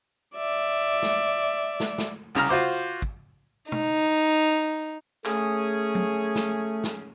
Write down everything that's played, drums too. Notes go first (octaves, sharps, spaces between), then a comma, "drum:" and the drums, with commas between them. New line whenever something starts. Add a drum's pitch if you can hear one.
D5 E5
drum: tambourine
drum: snare
drum: snare
drum: snare
C2 C#3 A#5 F6
F4 F#4 C5 D6, drum: tambourine
drum: kick
D#4, drum: tom
A3 C#4 G#4, drum: clap
drum: tom
drum: snare
drum: snare